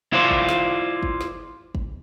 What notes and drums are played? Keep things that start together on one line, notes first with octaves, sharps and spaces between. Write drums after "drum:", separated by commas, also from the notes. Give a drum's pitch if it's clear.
E4 F4 C5 D5
drum: kick
drum: snare
drum: kick
drum: snare
drum: kick